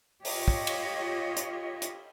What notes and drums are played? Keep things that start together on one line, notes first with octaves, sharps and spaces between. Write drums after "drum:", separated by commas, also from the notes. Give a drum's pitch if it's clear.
F4 G4 C#5 D#5, drum: open hi-hat
drum: kick
drum: cymbal
drum: hi-hat
drum: hi-hat